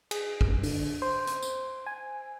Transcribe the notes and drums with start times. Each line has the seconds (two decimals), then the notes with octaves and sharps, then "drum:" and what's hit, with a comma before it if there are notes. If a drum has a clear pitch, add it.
0.11 G#4, drum: cymbal
0.41 drum: kick
0.63 D3, drum: open hi-hat
1.02 C5
1.27 drum: hi-hat
1.43 drum: tambourine
1.86 G#5